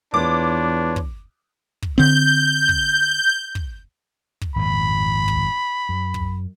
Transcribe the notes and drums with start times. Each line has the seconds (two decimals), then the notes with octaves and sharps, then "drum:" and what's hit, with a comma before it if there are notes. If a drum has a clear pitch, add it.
0.14 E2 D4 F4 B4 C#5 D6
0.96 drum: kick
1.82 drum: kick
1.98 D3 C4 G6
2.69 drum: kick
3.55 drum: kick
4.41 drum: kick
4.56 G#1 F2 A#2 B5
5.28 drum: kick
5.89 F#2
6.14 drum: kick